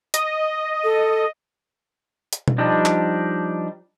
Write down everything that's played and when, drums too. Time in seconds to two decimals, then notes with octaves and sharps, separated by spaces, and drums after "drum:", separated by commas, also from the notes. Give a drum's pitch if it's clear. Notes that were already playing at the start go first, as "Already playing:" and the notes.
0.14 D#5, drum: hi-hat
0.84 A4
2.33 drum: hi-hat
2.48 drum: tom B2
2.58 F3 G3 D4 D#4
2.86 drum: clap